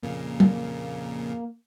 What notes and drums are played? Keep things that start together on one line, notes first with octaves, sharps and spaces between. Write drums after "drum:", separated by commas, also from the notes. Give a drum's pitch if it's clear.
F2 A#2 C#3 A#3
drum: tom F#3